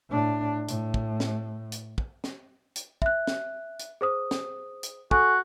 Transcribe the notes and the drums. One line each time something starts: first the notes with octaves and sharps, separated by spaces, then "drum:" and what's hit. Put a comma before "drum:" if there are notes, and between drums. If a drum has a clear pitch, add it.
A2 D4
A2, drum: hi-hat
drum: kick
drum: snare
drum: hi-hat
drum: kick
drum: snare
drum: hi-hat
E5 F#6, drum: kick
drum: snare
drum: hi-hat
G#4 C5 D#6
drum: snare
drum: hi-hat
F#4 A4 G#5 C#6, drum: kick